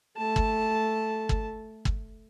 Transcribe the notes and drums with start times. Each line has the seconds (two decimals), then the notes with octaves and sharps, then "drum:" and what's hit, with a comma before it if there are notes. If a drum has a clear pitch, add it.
0.17 A3 A5
0.36 drum: kick
1.29 drum: kick
1.85 drum: kick